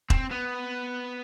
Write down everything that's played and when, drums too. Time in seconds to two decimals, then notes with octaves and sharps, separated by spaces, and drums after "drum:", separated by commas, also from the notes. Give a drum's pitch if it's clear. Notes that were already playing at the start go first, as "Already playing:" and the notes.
0.10 C4, drum: kick E1
0.31 B3